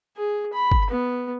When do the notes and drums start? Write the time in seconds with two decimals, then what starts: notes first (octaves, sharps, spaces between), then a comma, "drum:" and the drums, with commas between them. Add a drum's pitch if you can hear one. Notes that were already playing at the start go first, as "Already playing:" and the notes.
0.17 G#4
0.53 B5
0.72 drum: kick G1
0.90 B3